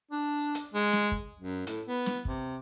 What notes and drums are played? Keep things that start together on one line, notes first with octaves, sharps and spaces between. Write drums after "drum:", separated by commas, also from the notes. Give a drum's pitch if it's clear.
D4
drum: hi-hat
G#3
drum: snare
drum: kick
F#2
A2, drum: hi-hat
B3
drum: snare
C3, drum: kick